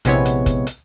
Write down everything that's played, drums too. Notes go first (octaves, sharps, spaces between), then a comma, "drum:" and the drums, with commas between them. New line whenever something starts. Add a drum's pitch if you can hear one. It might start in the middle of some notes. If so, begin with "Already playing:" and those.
A#1 C3 G#3 B3 E4 C#5, drum: hi-hat
drum: hi-hat
drum: kick, hi-hat
drum: hi-hat